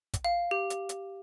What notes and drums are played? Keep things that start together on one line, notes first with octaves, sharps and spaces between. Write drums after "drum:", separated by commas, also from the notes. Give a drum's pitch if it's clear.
drum: kick, hi-hat
F5
G4
drum: hi-hat
drum: hi-hat